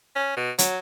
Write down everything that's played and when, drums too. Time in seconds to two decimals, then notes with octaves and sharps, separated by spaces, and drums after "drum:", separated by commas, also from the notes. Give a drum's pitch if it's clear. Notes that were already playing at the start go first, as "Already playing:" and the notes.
0.16 C#4
0.37 B2
0.59 F#3, drum: hi-hat